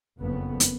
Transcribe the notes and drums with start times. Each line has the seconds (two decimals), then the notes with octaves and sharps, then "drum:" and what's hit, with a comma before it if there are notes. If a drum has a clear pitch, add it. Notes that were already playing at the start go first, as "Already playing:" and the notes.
0.21 F#1 F2 C#3 B3
0.60 drum: hi-hat